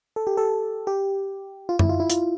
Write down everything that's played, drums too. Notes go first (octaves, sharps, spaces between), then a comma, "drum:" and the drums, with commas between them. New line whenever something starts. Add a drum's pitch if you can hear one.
A4
G4
A4
G4
F4
E4, drum: tom F#2
F4
E4
F4, drum: hi-hat